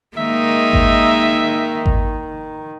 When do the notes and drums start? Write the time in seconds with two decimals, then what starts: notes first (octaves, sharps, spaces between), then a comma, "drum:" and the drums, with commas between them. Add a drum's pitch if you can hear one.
0.17 D#3 G#3 A#3 D#4 E5
0.73 drum: kick G#1
1.86 drum: kick G#1